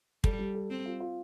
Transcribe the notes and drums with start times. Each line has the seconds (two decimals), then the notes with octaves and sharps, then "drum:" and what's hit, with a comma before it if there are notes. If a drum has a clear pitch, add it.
0.24 G3 A4, drum: kick
0.39 G3
0.55 A4
0.70 G3 C4
0.86 F4
1.00 F4